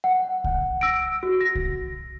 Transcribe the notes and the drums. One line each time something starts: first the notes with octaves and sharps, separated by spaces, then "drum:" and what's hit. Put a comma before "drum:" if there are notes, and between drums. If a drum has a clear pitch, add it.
F#5
drum: kick C2
E6 A#6 D7
F#4
A#6
drum: kick C2